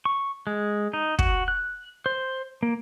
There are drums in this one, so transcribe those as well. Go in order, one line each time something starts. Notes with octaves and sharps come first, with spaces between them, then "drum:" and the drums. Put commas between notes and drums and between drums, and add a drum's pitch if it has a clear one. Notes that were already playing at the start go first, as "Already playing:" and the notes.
C#6
G#3
D#4
F#4, drum: kick
F#6
C5
A#3